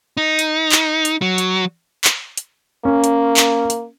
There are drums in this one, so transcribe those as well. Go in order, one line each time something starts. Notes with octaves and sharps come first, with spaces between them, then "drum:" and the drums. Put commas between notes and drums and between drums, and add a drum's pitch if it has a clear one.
D#4
drum: hi-hat
drum: clap
drum: hi-hat
F#3
drum: hi-hat
drum: clap
drum: hi-hat
A#3 C#4
drum: hi-hat
drum: clap
drum: hi-hat